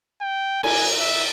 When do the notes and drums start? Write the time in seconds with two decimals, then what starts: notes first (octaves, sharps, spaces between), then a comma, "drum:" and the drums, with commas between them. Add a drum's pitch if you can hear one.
0.21 G5
0.63 G#5, drum: cymbal
1.00 E5